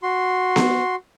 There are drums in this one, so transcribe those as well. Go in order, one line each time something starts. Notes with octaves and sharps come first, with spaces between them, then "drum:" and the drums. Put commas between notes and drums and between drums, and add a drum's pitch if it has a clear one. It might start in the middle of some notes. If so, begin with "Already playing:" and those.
F#4 C6
drum: snare B3